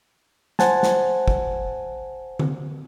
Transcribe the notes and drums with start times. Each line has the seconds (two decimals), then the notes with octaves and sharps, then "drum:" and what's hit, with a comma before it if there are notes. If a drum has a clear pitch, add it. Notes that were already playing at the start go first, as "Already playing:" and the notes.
0.59 C5 F#5 G#5 A5, drum: snare
0.83 drum: snare
1.28 drum: kick
2.39 drum: tom D3